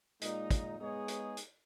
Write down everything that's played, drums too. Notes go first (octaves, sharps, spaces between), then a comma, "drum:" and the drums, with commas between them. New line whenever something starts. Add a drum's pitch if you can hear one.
A#2 G#3 D#4, drum: hi-hat
drum: kick, hi-hat
G#3 B3 D#4 G#4 C#5
drum: hi-hat
drum: hi-hat